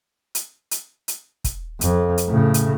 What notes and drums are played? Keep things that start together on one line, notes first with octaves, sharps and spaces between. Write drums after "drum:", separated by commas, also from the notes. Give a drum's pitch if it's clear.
drum: hi-hat
drum: hi-hat
drum: hi-hat
drum: kick, hi-hat
F2, drum: hi-hat
drum: hi-hat
A2 C#3
drum: hi-hat